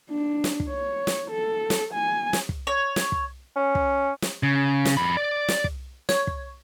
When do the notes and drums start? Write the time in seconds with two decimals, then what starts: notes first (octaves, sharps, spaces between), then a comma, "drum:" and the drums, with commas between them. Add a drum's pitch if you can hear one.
0.10 D4
0.44 drum: snare
0.60 drum: kick
0.69 C#5
1.07 drum: snare
1.31 A4
1.70 drum: snare
1.94 G#5
2.33 drum: snare
2.49 drum: kick
2.67 C#5
2.96 drum: snare
3.12 drum: kick
3.56 C#4
3.75 drum: kick
4.22 drum: snare
4.43 C#3
4.85 drum: snare
4.97 F2 B5
5.17 D5
5.48 drum: snare
5.64 drum: kick
6.09 C#5, drum: snare
6.27 drum: kick